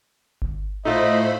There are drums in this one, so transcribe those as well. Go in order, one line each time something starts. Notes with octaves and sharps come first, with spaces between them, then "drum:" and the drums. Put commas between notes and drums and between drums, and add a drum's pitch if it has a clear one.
drum: kick G1
A2 A3 D#4 F4 C5 D#5 B5